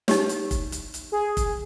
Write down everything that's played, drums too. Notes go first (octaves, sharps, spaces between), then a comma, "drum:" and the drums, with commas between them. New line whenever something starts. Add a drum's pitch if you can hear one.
D#4 G4 C#5, drum: snare
drum: hi-hat
drum: kick, hi-hat
drum: hi-hat
drum: hi-hat
G#4
drum: kick, hi-hat